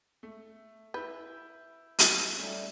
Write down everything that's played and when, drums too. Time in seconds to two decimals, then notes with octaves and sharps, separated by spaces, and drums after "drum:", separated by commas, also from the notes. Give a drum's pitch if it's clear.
0.23 A3
0.94 E4 B4 G6
1.99 drum: hi-hat
2.37 G3 A3 C#4